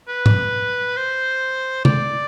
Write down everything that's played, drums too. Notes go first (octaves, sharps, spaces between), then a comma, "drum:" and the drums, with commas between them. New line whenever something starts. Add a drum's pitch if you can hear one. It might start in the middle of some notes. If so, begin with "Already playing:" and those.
B4
drum: tom G#2
C5
D5, drum: tom C3